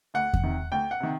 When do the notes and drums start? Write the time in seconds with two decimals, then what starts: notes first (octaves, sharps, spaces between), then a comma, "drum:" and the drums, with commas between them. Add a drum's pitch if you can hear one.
0.14 D2 F#5
0.33 drum: kick E2
0.43 C3 D#3
0.72 D2 G5
0.91 F#5
1.00 C3 D#3